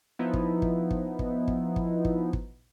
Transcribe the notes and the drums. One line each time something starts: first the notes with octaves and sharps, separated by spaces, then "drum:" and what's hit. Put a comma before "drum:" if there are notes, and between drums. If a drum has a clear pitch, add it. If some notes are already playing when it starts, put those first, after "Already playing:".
F3 B3 D#4 E4
drum: kick
drum: kick
drum: kick
drum: kick
drum: kick
drum: kick
drum: kick
drum: kick